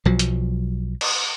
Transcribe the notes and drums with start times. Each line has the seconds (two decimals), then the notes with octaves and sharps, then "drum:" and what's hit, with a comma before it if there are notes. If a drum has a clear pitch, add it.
0.05 B1 F3 F#3
0.19 drum: hi-hat
1.01 drum: cymbal